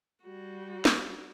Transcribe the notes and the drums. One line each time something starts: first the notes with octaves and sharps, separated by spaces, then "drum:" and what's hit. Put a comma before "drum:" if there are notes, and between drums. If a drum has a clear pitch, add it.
G3 F#4
drum: snare